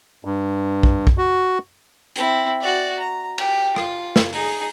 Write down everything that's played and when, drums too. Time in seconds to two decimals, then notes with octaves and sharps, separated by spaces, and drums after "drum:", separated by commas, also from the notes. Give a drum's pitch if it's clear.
0.25 G2
0.83 drum: kick
1.07 drum: kick
1.18 F#4
2.16 C4 E4, drum: hi-hat
2.61 F#4 D5
2.99 A#5
3.38 G4, drum: cymbal
3.76 F4, drum: rim click
4.16 drum: snare
4.33 D#4 G#4, drum: open hi-hat